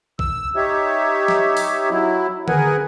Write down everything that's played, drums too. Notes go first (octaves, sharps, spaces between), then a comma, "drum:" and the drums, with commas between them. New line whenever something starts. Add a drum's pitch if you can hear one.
E6, drum: kick
D#4 G4 C#5 E5
drum: snare
drum: open hi-hat
F#3 E4
G#4 A#4 B4 F#5 G#5, drum: tom D3